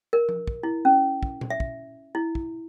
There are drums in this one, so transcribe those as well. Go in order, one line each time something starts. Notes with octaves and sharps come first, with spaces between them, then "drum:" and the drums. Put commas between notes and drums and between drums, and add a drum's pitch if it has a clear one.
A#4
drum: tom F3
drum: kick
E4
C#4
drum: kick
drum: tom A#2
E5
drum: kick
E4
drum: kick